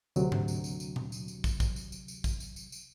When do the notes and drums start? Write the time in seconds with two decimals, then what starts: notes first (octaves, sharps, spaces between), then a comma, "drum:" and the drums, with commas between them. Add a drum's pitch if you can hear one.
0.16 D2 C3 F#3, drum: tambourine
0.32 drum: tom G#2
0.48 drum: tambourine
0.64 drum: tambourine
0.80 drum: tambourine
0.96 drum: tom A#2
1.12 drum: tambourine
1.28 drum: tambourine
1.44 drum: kick, tambourine
1.60 drum: kick, tambourine
1.76 drum: tambourine
1.92 drum: tambourine
2.08 drum: tambourine
2.24 drum: kick, tambourine
2.40 drum: tambourine
2.56 drum: tambourine
2.72 drum: tambourine